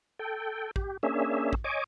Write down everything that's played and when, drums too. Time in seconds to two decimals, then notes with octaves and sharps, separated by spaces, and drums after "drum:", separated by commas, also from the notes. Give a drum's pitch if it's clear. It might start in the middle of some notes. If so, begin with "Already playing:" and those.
0.19 A4 G5
0.76 G4, drum: kick
1.03 A#3 C#4 D4 G#4 E5
1.53 drum: kick
1.64 C#5 D#5 G#5 D6